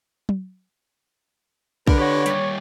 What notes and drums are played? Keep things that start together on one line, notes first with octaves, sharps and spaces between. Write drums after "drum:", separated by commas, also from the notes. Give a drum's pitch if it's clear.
drum: tom
D3 A#4 B4, drum: kick
G4 C#5 F#5
D#2 G3, drum: hi-hat